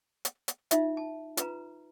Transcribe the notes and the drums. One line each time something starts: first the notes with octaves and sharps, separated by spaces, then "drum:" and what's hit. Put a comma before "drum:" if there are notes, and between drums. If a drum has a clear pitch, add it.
drum: hi-hat
drum: hi-hat
D#4 F4 E5, drum: hi-hat
A5
F4 B4 A#5, drum: hi-hat